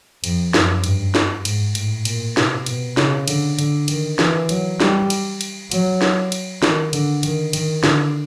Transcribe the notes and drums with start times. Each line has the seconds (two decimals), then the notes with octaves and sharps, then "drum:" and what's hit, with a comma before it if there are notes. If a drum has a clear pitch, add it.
0.24 F2, drum: cymbal
0.54 F#2, drum: snare
0.84 G2, drum: cymbal
1.15 drum: snare
1.45 G#2, drum: cymbal
1.75 A2, drum: cymbal
2.05 A#2, drum: cymbal
2.37 C3, drum: snare
2.66 B2, drum: cymbal
2.97 C#3, drum: snare
3.28 D3, drum: cymbal
3.59 D3, drum: cymbal
3.88 D#3, drum: cymbal
4.19 E3, drum: snare
4.49 F#3, drum: cymbal
4.80 G3, drum: snare
5.10 drum: cymbal
5.41 drum: cymbal
5.71 F#3, drum: cymbal
6.02 drum: snare
6.32 drum: cymbal
6.63 D#3, drum: snare
6.93 D3, drum: cymbal
7.23 D#3, drum: cymbal
7.53 D#3, drum: cymbal
7.84 D3, drum: snare